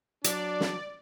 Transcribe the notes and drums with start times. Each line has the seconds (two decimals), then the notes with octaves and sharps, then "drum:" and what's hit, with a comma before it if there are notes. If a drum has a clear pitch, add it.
0.24 F#3 D4 D5, drum: hi-hat
0.60 drum: snare